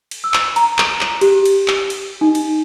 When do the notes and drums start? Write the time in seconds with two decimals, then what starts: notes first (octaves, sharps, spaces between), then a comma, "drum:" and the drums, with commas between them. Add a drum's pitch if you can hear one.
0.11 drum: cymbal
0.24 E6
0.34 drum: clap
0.56 A#5, drum: cymbal
0.78 drum: clap
1.01 drum: clap
1.21 G4, drum: cymbal
1.46 drum: cymbal
1.68 drum: clap
1.90 drum: cymbal
2.21 D#4
2.35 drum: cymbal